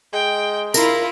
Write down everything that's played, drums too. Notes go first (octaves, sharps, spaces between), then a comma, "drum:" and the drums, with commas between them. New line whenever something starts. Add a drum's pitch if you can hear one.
G#3 G5
E4 F4 A#4 F5, drum: tambourine